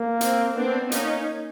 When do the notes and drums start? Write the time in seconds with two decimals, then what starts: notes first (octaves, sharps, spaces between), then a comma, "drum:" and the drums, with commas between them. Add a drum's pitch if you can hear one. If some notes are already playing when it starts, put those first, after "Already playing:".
Already playing: A#3
0.21 C4, drum: hi-hat
0.56 B3 C4 D4
0.92 A#3 C#4 D#4, drum: hi-hat